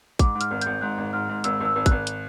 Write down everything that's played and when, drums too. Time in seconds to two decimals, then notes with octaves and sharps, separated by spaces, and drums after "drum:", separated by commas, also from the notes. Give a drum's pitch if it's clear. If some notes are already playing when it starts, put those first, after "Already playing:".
0.19 G#2 D6, drum: kick, hi-hat
0.35 G#2
0.41 F6, drum: hi-hat
0.51 G#1
0.61 G#1 G6, drum: hi-hat
0.81 G#2 F#6
0.98 G#1
1.13 G#2 F6
1.29 G#2
1.44 G#1 E6, drum: hi-hat
1.60 G#1 E6
1.76 G#1
1.86 F#6, drum: kick, hi-hat
1.91 G#1
2.07 drum: hi-hat